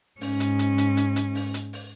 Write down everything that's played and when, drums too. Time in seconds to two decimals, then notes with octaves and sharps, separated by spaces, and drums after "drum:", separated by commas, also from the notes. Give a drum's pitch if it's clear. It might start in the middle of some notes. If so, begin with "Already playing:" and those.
0.21 G#2 C#4, drum: open hi-hat
0.40 drum: hi-hat
0.59 drum: hi-hat
0.78 drum: hi-hat
0.97 drum: hi-hat
1.16 drum: hi-hat
1.35 drum: open hi-hat
1.54 drum: hi-hat
1.73 drum: open hi-hat